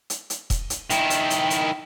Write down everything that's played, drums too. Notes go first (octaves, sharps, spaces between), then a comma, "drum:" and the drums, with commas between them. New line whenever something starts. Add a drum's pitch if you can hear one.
drum: hi-hat
drum: hi-hat
drum: kick E1, hi-hat
drum: hi-hat
D#3 E4 G5, drum: hi-hat
drum: hi-hat
drum: hi-hat
drum: hi-hat